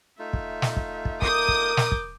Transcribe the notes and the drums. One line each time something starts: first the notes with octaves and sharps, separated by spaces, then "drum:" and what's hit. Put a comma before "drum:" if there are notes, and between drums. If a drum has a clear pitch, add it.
A3 D#4 F4 E5
drum: kick
drum: snare
drum: kick
drum: kick
A#4 D6 D#6 G6, drum: kick
drum: kick
drum: snare
drum: kick